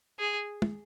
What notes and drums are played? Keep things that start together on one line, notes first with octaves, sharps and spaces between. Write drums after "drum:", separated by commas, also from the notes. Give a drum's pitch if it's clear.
G#4
drum: tom